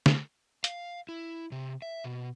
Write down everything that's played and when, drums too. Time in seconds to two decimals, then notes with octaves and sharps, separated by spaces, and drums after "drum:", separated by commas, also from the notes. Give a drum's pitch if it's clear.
0.06 drum: snare
0.64 F5, drum: hi-hat
1.09 E4
1.52 C3
1.82 E5
2.04 B2